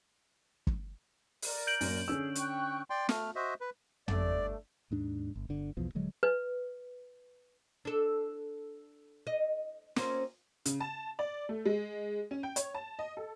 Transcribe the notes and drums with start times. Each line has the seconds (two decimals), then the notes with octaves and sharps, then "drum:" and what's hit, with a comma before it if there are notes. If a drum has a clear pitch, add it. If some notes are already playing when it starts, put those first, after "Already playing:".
0.67 drum: kick
1.42 A#4 D5, drum: open hi-hat
1.67 G6 D7 F#7
1.81 F#2 A#3, drum: open hi-hat
2.08 D3 C#4 G#4 E6
2.35 G5 C#6 F#6, drum: hi-hat
2.90 D5 G5 C6
3.09 A3 F6, drum: snare
3.36 F#4 C5 D#5 E5
3.61 B4
4.08 G1 D#2 A3 D4 D5, drum: tom
4.91 D#2 G#2 D4
5.36 G1
5.49 G1 D3
5.77 B1 E2 B2 F3
5.95 D#1 D3 F#3 G#3
6.23 B4
7.85 D4 A4
9.27 D#5
9.96 A#3 C4 C#4, drum: snare
10.65 C#3, drum: hi-hat
10.80 A5
11.19 D5
11.49 A3
11.66 G#3
12.31 C#4
12.43 G5
12.56 C#5, drum: hi-hat
12.74 A5
12.99 D#5
13.17 A4